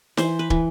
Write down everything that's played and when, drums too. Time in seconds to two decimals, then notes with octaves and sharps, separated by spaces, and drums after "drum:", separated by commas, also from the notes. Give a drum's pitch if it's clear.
0.17 E3 C5, drum: snare
0.39 B4
0.50 E3, drum: kick